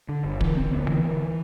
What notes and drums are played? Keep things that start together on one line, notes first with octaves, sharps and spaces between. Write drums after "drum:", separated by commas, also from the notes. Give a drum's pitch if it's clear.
D3
G1
D3 E3, drum: kick
D3 C4
D2 B3
D3 E3
D3